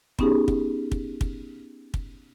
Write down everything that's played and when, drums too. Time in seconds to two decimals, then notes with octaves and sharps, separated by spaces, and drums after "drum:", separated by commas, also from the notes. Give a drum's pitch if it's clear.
0.19 B3 C#4 D#4 G4 G#4, drum: kick
0.48 drum: kick
0.92 drum: kick
1.21 drum: kick
1.94 drum: kick